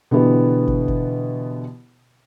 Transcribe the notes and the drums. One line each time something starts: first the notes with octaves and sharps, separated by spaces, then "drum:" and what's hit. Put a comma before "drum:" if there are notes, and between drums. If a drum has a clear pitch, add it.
B2 D3 E3 B3 G4
drum: kick
drum: kick